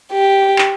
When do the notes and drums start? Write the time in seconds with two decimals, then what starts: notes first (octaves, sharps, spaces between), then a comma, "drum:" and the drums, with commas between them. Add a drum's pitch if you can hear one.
0.12 G4
0.58 drum: clap